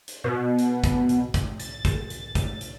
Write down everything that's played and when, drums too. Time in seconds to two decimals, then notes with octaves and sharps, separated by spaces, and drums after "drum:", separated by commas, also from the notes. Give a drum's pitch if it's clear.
0.08 drum: hi-hat
0.24 B2
0.58 drum: hi-hat
0.84 drum: kick, hi-hat
1.09 drum: hi-hat
1.34 drum: kick, hi-hat
1.59 A6, drum: hi-hat
1.85 drum: kick, hi-hat
2.10 drum: hi-hat
2.35 drum: kick, hi-hat
2.61 drum: hi-hat